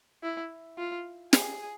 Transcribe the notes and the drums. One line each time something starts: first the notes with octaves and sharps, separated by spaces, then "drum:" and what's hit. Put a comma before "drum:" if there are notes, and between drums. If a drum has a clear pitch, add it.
E4
F4
G#4, drum: snare